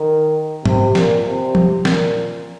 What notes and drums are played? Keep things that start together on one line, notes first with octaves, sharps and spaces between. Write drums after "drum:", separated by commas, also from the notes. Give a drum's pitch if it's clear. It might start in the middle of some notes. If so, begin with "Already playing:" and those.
Already playing: D#3
C3, drum: tom G#2
A#2, drum: snare
C3
drum: tom
A#2, drum: snare